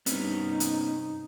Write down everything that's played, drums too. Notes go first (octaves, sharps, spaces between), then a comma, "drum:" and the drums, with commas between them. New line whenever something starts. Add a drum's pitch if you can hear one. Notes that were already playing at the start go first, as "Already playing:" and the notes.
G2 C3 B3 C#4 D#4, drum: hi-hat
drum: hi-hat